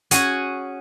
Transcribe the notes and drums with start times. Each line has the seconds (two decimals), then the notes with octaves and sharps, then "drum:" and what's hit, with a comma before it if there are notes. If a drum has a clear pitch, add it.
0.11 C#4 F#4 G#4 F#5 G#5, drum: hi-hat